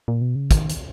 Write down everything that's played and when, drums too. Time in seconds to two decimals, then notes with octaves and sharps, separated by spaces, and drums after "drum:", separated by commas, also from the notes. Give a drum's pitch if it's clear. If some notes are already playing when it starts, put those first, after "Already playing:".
0.08 A#2
0.21 B2
0.36 C#3
0.51 D#3, drum: kick, hi-hat
0.69 drum: hi-hat